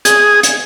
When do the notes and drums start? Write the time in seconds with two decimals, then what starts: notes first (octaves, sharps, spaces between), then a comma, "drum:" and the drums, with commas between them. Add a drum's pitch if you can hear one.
0.05 G#4, drum: hi-hat
0.43 drum: hi-hat